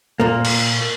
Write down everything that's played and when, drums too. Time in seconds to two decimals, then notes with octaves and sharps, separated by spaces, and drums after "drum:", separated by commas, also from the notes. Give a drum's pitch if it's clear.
0.20 A#2 A#3
0.45 drum: cymbal